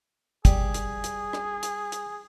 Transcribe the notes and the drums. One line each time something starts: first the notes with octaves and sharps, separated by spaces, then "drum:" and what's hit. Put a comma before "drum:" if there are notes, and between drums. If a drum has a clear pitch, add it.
G3 G#4, drum: kick, hi-hat
drum: hi-hat
drum: hi-hat
drum: rim click
drum: hi-hat
drum: hi-hat